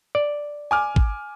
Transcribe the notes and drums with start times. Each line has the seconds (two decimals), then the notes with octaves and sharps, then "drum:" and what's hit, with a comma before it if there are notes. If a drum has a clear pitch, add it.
0.15 D5
0.71 G#5 D6 F6
0.96 drum: kick